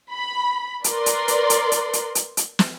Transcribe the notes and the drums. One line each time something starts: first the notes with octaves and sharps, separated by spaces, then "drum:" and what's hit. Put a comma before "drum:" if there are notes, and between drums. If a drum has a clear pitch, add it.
B5
A#4 B4 D5 C6, drum: hi-hat
drum: hi-hat
drum: hi-hat
drum: hi-hat
drum: hi-hat
drum: hi-hat
drum: hi-hat
drum: hi-hat
drum: snare